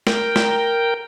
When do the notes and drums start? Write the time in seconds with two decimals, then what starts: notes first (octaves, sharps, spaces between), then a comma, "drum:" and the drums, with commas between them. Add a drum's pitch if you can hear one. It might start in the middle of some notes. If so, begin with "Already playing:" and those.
0.07 A#4 G5, drum: snare
0.36 drum: snare